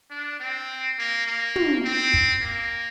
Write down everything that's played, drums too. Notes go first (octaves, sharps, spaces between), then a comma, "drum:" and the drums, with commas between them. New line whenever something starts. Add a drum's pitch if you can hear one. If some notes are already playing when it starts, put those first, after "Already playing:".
D4
C4
A#3
A#3
drum: tom
C4
drum: kick
A#3